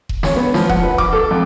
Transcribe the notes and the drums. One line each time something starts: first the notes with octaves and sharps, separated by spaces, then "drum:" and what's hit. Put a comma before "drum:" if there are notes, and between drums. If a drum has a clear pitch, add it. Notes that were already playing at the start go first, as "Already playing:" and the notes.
drum: kick E1
C#5, drum: snare
B3
F3, drum: snare
F#5, drum: kick E1
B4
D6, drum: kick E1
A4
F2